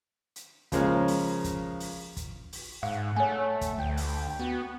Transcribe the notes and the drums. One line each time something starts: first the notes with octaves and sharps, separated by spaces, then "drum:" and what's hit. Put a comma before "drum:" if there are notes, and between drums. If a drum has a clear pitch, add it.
drum: hi-hat
C#3 F3 G#3 A#3 C#4, drum: kick, hi-hat
drum: open hi-hat
drum: kick, hi-hat
drum: open hi-hat
drum: kick, hi-hat
drum: open hi-hat
G#2 F5 F#5
A3 C#5 G#5
drum: kick, hi-hat
D2 G5
drum: open hi-hat
B3 F#4